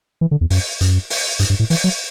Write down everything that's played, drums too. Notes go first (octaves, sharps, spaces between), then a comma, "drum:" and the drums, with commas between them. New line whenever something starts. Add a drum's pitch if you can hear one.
E3
D3
E2
F#2, drum: open hi-hat
F#2, drum: hi-hat
drum: open hi-hat
G2, drum: hi-hat
G2
A2
E3, drum: open hi-hat
F#3